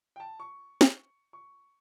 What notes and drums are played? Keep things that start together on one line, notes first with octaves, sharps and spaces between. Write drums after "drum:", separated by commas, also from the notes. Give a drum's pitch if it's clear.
G5
A5
C#6
drum: snare
C#6